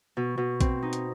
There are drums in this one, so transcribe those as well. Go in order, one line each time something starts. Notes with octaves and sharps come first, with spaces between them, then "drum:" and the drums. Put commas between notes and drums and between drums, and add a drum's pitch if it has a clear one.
B2
B2
C4, drum: kick A#1, hi-hat
D#4
drum: hi-hat